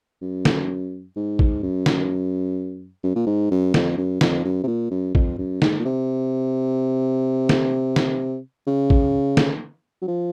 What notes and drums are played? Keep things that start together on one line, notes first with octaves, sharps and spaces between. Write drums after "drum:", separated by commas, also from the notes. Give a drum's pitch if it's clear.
F#2
drum: snare
G#2
drum: kick
F#2
drum: snare
F#2
A#2
G#2
F#2
F2, drum: snare
F#2
F2, drum: snare
F#2
C3
A#2
F#2
F2, drum: kick
F#2
G#2, drum: snare
A#2
C3
drum: snare
drum: snare
C#3
drum: kick
drum: snare
F#3
F3